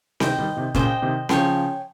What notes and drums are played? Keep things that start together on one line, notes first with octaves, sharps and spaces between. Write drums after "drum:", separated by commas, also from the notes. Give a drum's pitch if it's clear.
C3 D#3 C5 D#5 G5, drum: snare C4
D#3 G3
C3 D#3
A#2 C#3 C5 D#5 G5, drum: kick
C3 D#3
C#3 F3 C#5 G5 C6, drum: snare C4